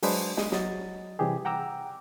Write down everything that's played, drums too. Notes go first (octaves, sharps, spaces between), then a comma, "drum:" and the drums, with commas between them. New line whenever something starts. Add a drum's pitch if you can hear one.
F#3 G#3 D4 B4 C5 D#6, drum: open hi-hat
G#3 D#6, drum: snare
F#3 D#5 A6, drum: snare
C3 E3 G3 G4 G#4
F#5 G5 A#5 D6 E6